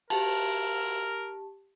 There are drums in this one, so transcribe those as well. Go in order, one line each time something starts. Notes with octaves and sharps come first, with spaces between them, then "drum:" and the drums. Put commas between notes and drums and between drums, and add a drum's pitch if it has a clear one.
G4 A#4 A5, drum: cymbal